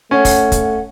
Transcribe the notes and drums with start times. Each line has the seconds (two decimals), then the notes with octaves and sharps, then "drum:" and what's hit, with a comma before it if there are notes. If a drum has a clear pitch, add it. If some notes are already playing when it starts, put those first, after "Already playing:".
0.11 A3 C#4 F#5
0.25 drum: kick, open hi-hat
0.52 drum: kick, hi-hat